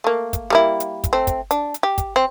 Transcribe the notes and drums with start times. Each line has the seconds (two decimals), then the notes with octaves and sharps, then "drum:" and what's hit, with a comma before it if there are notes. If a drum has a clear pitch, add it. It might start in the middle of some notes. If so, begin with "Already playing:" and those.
0.04 A3 A#3
0.33 drum: kick, hi-hat
0.50 G3 A#3 E4
0.80 drum: hi-hat
1.04 drum: kick, hi-hat
1.13 A3 C4
1.27 drum: kick, hi-hat
1.51 D4, drum: hi-hat
1.74 drum: hi-hat
1.83 G4
1.98 drum: kick, hi-hat
2.16 C4